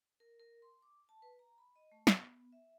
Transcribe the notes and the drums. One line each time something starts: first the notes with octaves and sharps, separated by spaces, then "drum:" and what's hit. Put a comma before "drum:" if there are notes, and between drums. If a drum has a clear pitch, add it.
A#4
A#4
C6
D6
A5
B4
A#5
B5
D#5
A3
B3, drum: snare
E5